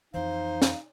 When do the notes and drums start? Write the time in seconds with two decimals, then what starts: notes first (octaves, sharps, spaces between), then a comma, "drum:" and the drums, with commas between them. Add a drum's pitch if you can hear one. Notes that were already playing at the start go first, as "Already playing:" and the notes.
0.14 F2 E3 D#4 C5 F5
0.62 drum: snare